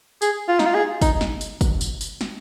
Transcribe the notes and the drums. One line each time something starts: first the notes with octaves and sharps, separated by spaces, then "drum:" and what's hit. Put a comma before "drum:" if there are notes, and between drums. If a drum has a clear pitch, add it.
G#4, drum: tambourine
F4
D#4, drum: snare
F4
G#4
D#4, drum: kick, tambourine
drum: snare
drum: tambourine
drum: kick, tambourine
drum: tambourine
drum: tambourine
drum: snare